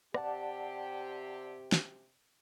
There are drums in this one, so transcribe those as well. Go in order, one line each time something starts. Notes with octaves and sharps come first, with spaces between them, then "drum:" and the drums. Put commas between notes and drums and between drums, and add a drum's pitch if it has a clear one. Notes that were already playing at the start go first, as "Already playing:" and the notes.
C3 G4 D5 F#5 A5, drum: rim click
drum: snare